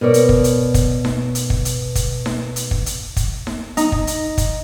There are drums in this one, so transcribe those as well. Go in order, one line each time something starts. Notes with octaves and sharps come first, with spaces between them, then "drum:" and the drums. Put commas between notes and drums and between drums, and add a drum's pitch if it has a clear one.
B2 A#4 C#5 D5
drum: hi-hat
drum: kick
drum: hi-hat
drum: kick, hi-hat
drum: snare D#4
drum: hi-hat
drum: kick
drum: hi-hat
drum: kick, hi-hat
drum: snare D#4
drum: hi-hat
drum: kick
drum: hi-hat
drum: kick, hi-hat
drum: snare D#4
D#4, drum: hi-hat
drum: kick
drum: hi-hat
drum: kick, hi-hat